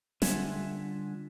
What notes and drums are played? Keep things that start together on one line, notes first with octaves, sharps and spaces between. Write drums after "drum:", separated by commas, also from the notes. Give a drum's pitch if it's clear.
D3 G3 F4 E5 F#5 G#5, drum: snare